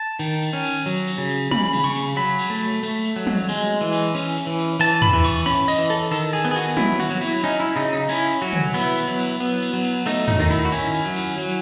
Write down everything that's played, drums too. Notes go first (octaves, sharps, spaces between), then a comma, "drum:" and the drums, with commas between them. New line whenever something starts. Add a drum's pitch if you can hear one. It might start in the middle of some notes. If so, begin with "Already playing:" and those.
Already playing: A5
D#3, drum: cymbal
drum: cymbal
C#4
drum: cymbal
F#3, drum: cymbal
drum: cymbal
C#3
drum: cymbal
C#3 B5, drum: tom
drum: cymbal
C#3 C#6
drum: cymbal
F#3 B5
drum: cymbal
A3
drum: cymbal
A3, drum: cymbal
drum: cymbal
F#3
drum: tom
G#3, drum: cymbal
E3
drum: cymbal
C#4, drum: cymbal
drum: cymbal
E3
drum: cymbal
E3 A5, drum: cymbal
B5, drum: tom
E3
C#6, drum: cymbal
C#4 B5, drum: cymbal
D#5, drum: cymbal
E3
A4, drum: cymbal
D#3 A4, drum: cymbal
G#4, drum: cymbal
B3
G#4
F#4, drum: cymbal
F#3 E4, drum: tom
F#4, drum: cymbal
F#3
E4, drum: cymbal
C#4 D#4, drum: cymbal
E4
C#3 D#4
D#4
C#4 E4, drum: cymbal
drum: cymbal
F#3 F#4
drum: tom
B3 E4, drum: cymbal
drum: cymbal
F#3
drum: cymbal
B3, drum: cymbal
drum: cymbal
F#3
drum: cymbal
A3 D#4, drum: cymbal
D#4, drum: tom
D#3 D#4
E4, drum: cymbal
F#4
C#4 E4, drum: cymbal
drum: cymbal
F#3
drum: cymbal
F#3, drum: cymbal